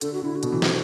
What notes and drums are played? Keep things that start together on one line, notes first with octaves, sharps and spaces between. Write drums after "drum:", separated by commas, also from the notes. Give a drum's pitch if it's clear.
D3 A4, drum: hi-hat
F#4
D3 E4
F#4
B2, drum: hi-hat
E3
D3, drum: snare